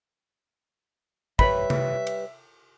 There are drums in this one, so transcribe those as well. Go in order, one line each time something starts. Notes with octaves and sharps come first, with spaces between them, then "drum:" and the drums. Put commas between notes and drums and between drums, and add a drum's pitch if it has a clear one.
G3 B4 C#5 E5 B5, drum: kick
drum: tom C3
drum: cymbal